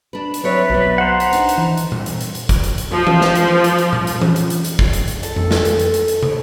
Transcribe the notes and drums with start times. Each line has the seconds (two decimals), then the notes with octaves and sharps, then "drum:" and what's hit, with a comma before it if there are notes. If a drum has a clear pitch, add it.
0.13 D4 B4
0.34 drum: hi-hat
0.43 F#3 C4 B4 C#5 D5 E5
0.70 B1 F#3 B3
0.98 C5 F#5 A#5
1.20 drum: hi-hat
1.33 D4 D#4, drum: hi-hat
1.49 drum: hi-hat
1.58 E3
1.77 drum: hi-hat
1.92 drum: tom A#2
2.06 drum: hi-hat
2.21 drum: hi-hat
2.35 drum: hi-hat
2.49 drum: kick, hi-hat
2.64 drum: hi-hat
2.78 drum: hi-hat
2.92 F3
3.07 drum: tom E3
3.21 drum: snare
3.35 drum: hi-hat
3.64 drum: hi-hat
3.78 drum: hi-hat
3.93 drum: tom A#2
4.07 drum: hi-hat
4.22 drum: tom E3
4.36 drum: hi-hat
4.50 drum: hi-hat
4.65 drum: hi-hat
4.79 drum: kick
4.93 drum: hi-hat
5.08 drum: hi-hat
5.23 A4, drum: hi-hat
5.36 drum: tom F2
5.51 drum: snare
5.65 drum: hi-hat
5.79 drum: hi-hat
5.94 drum: hi-hat
6.08 drum: hi-hat
6.23 drum: tom